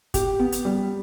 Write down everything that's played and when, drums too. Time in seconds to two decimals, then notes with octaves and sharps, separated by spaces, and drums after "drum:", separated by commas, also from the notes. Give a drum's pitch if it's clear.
0.14 G4, drum: kick F#1, hi-hat
0.39 B3
0.52 drum: hi-hat
0.65 G3